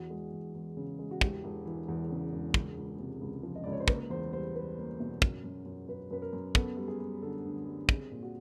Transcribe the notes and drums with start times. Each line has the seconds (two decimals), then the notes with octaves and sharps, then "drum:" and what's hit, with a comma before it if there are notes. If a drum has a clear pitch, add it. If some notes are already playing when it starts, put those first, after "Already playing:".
Already playing: E2 F#4
0.10 G#3
0.32 E2
0.55 E2
0.77 C#3
0.99 G#3
1.11 F#4
1.21 E1 G4, drum: kick
1.44 E1
1.65 E3
1.88 E2
2.10 C#3
2.33 E1
2.54 C#2 G#4, drum: kick
2.77 C#2
2.99 C3
3.21 C#2
3.43 F3
3.56 D#5
3.64 C#2 D5
3.72 C#5
3.80 C5
3.88 A#3 B4, drum: kick
4.10 E2 C5
4.33 G3 C5
4.55 G3 B4
4.77 A#3
5.00 B2
5.22 F#2, drum: kick
5.44 F#2
5.66 F#2
5.88 F#2 B4
6.11 F#2 B4
6.22 A#4
6.33 F#2
6.55 B3 A4, drum: kick
6.77 G3
6.88 G#4
6.99 G3
7.22 D3 A4
7.45 D2
7.67 G3
7.89 C4 G#4, drum: kick
8.11 A#2
8.23 F#4